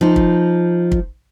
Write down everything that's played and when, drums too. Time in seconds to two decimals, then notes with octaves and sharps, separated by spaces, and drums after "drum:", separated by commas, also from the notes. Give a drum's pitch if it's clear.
0.01 F3 D#4
0.16 drum: kick
0.92 drum: kick